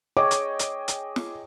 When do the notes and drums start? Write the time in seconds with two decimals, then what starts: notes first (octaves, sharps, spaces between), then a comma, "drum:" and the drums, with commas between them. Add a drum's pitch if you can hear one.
0.17 G#4 C#5 D#5 G5 D6
0.31 drum: hi-hat
0.59 drum: hi-hat
0.88 drum: hi-hat
1.16 drum: snare